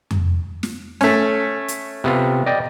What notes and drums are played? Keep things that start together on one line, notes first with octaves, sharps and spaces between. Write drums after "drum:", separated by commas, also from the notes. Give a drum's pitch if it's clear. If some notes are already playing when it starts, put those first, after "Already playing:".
drum: tom F2
drum: snare
A3 C#4, drum: snare
drum: hi-hat
C3 B3 F4
D5 D#5 G5